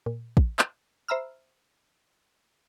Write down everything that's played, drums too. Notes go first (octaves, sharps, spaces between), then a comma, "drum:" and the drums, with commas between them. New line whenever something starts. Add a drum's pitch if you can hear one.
A#2
drum: kick
drum: clap
C5 E5 A#5 B5 E6 F6